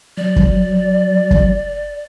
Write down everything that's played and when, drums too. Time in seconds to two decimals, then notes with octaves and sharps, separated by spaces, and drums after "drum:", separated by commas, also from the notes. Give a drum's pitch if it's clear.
0.17 F#3 D5
0.36 drum: kick
1.31 drum: kick